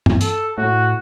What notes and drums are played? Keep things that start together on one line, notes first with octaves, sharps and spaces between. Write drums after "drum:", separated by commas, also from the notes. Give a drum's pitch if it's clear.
drum: tom G2
A4, drum: hi-hat
A2 F#4